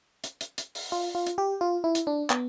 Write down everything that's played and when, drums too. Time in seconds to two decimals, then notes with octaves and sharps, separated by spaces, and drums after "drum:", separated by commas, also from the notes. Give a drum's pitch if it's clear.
0.24 drum: hi-hat
0.41 drum: hi-hat
0.58 drum: hi-hat
0.75 drum: open hi-hat
0.92 F4
1.15 F4
1.26 drum: hi-hat
1.38 G4
1.61 F4
1.84 E4
1.95 drum: hi-hat
2.07 D4
2.30 B3, drum: clap